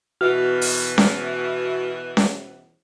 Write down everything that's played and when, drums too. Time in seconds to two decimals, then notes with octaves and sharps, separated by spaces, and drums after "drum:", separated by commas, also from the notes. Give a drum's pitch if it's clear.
0.21 B2 E3 F#4 F6
0.62 drum: open hi-hat
0.98 drum: snare C#4
2.17 drum: snare C#4